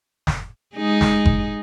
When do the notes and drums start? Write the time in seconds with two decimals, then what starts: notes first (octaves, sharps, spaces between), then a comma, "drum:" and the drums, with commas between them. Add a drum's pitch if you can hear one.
0.27 drum: snare
0.76 G#3 D#4 G#4
1.01 drum: snare
1.25 drum: kick F#1